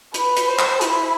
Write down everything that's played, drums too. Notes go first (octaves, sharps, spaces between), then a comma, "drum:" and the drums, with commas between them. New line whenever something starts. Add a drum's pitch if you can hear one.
B4, drum: hi-hat
drum: hi-hat
C5
drum: clap
E4, drum: hi-hat